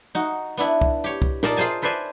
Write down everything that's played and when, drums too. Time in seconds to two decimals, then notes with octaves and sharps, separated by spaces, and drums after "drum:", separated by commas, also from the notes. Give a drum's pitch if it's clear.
0.15 D#4 F#4
0.57 B3 D4 E4
0.81 drum: kick
1.04 G4 C#5
1.22 drum: kick
1.43 A#2 D#4 A#4 D5 A5, drum: snare
1.56 F4 G#4 C5 G#5 A5
1.82 A4 B4 C5 D5 E5 G#5